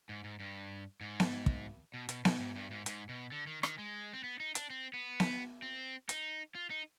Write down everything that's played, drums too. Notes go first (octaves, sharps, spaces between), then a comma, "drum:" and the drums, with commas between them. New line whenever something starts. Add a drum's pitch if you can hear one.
G#2
G#2
G2
G#2
drum: snare B3
drum: kick
B2
B2, drum: hi-hat
B2, drum: snare B3
G#2
G2
G#2
G#2, drum: hi-hat
B2
D3
D#3
D#3, drum: rim click
G#3
C4
B3
D#4
D4, drum: hi-hat
C4
B3
drum: snare B3
C4
D#4, drum: hi-hat
F4
D#4